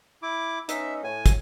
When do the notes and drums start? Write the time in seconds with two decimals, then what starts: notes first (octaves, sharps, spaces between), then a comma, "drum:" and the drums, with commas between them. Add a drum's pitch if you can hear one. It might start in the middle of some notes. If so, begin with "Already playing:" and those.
0.23 E4 D6
0.69 B3 C#4 D#4 E5, drum: hi-hat
1.04 A2 G#5
1.26 drum: kick, hi-hat